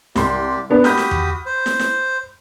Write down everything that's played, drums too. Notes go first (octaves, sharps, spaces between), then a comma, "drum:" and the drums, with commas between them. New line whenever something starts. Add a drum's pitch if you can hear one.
C2 G4 D5 C6, drum: snare
A#3 B3 D4
F#4 G4 B5 D#6 F6 G6, drum: snare
drum: snare
drum: tom E2
C5
drum: snare
drum: snare